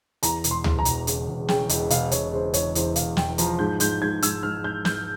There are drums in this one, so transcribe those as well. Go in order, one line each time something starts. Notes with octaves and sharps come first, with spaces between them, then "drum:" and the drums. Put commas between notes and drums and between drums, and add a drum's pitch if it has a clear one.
E2 A#5, drum: hi-hat
E1, drum: hi-hat
C6
E2, drum: tom C#2
A#5
E1, drum: hi-hat
C#3, drum: hi-hat
E1
C#3 G5, drum: snare
E1, drum: hi-hat
E1 F5, drum: hi-hat
E1 C#5, drum: hi-hat
C#3 C5
E2 C#5, drum: hi-hat
E2 C5, drum: hi-hat
E1 F5, drum: hi-hat
E2 G5, drum: snare
F3 A#5, drum: hi-hat
G#2 G6
G#2 G6, drum: hi-hat
G#2 G#6
G#2 E6, drum: hi-hat
G#2 F6
G#2 G6
G#2 G6, drum: snare